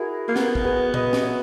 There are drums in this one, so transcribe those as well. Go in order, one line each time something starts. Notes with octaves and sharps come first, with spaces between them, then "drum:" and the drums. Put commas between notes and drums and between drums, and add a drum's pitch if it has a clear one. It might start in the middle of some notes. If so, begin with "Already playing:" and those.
Already playing: E4 F#4 G#4 A#4
A#3
B3 F#4 A#4, drum: snare
drum: kick
G#4 B4
B4 D#5, drum: tom A#2
drum: snare
C#5 E5